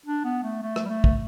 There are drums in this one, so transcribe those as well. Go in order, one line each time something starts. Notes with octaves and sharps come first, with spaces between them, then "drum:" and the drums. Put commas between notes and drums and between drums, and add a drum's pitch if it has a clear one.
D4
B3
A3
A3
drum: rim click
G3
A3
drum: kick